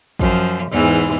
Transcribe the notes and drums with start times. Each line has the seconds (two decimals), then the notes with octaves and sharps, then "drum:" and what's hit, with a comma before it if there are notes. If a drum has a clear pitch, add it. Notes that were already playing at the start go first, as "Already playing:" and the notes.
0.19 F#2 F3, drum: kick
0.71 E2 G#2 E3